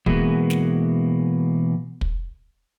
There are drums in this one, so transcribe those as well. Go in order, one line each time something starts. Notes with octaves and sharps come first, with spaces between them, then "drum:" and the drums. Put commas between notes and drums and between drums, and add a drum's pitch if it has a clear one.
B2 E3 G#3 A#3 B3 F#4, drum: kick
drum: snare
drum: kick